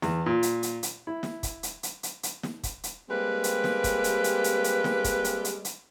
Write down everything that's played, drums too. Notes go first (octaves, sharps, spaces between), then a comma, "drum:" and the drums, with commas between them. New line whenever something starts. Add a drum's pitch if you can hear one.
E2, drum: snare
A#2
drum: hi-hat
drum: hi-hat
drum: hi-hat
E4
drum: snare
drum: kick, hi-hat
drum: hi-hat
drum: hi-hat
drum: hi-hat
drum: hi-hat
drum: snare
drum: kick, hi-hat
drum: hi-hat
G3 G#3 A#3 C4 G4 B4
drum: hi-hat
drum: snare
drum: kick, hi-hat
drum: hi-hat
drum: hi-hat
drum: hi-hat
drum: hi-hat
drum: snare
drum: kick, hi-hat
drum: hi-hat
drum: hi-hat
drum: hi-hat